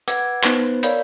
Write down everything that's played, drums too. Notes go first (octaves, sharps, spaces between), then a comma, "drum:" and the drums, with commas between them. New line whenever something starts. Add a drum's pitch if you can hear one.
B4 F#5 D6 E6 G#6, drum: hi-hat
B3 D#4 B4 C5, drum: clap
A#4 C#5 D5 F5 B5 G6, drum: hi-hat